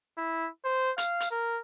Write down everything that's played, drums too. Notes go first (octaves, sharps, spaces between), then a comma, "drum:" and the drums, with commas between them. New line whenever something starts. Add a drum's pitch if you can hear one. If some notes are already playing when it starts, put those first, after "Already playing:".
E4
C5
F5, drum: hi-hat
drum: hi-hat
A#4